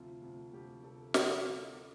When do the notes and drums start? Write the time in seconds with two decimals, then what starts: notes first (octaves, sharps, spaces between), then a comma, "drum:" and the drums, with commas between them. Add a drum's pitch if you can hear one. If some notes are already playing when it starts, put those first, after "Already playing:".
Already playing: D2 C3 F3 F4
0.22 D2 C3 F3
0.53 D2 C3 F3 G4
0.84 C3 F3 A4
1.14 drum: snare